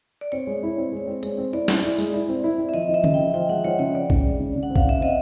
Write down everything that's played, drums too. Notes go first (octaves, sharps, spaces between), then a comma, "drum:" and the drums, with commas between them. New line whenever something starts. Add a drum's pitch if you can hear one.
D5
C4 C#5
G#3
E4
C4
G#3
C4
G#3, drum: hi-hat
C4
E4 D5
E4, drum: snare
E4
G#3, drum: tambourine
E4
C4
E4
C4
E5
F3 D#5
F3
E5
C#3, drum: tom D3
G5
F3
F3 G5
G#3 F#5
F3 C#5
C#3 C#5
F3 D5
C#3, drum: kick A1
G#3
C#3
C#3
F#5
C4
F5, drum: kick A1
C#3 E5
C4 D#5